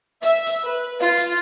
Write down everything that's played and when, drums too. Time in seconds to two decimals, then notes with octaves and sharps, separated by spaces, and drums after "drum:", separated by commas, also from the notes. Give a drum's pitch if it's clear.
0.22 E5, drum: hi-hat
0.46 drum: hi-hat
0.65 B4
1.00 F4
1.17 drum: hi-hat